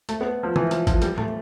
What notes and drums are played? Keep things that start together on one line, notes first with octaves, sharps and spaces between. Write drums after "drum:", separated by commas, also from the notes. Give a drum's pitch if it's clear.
A3, drum: hi-hat
B3
F3
E3, drum: tom
F3, drum: hi-hat
F3, drum: kick, hi-hat
G3, drum: hi-hat
A3, drum: tom A2